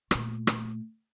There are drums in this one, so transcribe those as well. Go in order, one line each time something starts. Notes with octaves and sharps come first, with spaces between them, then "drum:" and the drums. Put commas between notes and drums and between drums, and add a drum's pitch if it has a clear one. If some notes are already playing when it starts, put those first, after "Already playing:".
A#2 A3, drum: rim click
drum: rim click